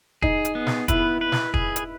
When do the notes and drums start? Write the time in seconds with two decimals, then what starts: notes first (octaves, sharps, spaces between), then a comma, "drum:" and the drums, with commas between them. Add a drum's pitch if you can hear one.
0.22 D#4 G#4, drum: kick
0.45 drum: hi-hat
0.55 B3
0.67 drum: snare
0.88 E4 B4, drum: kick, hi-hat
1.21 B4
1.32 drum: snare
1.54 G#4, drum: kick
1.76 drum: hi-hat